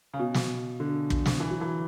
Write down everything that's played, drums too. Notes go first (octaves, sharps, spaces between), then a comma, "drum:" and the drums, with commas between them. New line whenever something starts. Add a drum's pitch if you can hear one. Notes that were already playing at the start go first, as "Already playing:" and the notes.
C#3
B2
drum: snare
D3
drum: kick
drum: snare
E3
F#3
E3